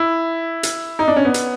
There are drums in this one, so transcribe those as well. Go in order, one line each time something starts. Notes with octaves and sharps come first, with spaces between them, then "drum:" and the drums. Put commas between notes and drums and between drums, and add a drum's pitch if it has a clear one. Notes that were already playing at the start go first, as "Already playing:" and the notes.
Already playing: E4
drum: hi-hat
D#4
D4
C#4
B3
drum: hi-hat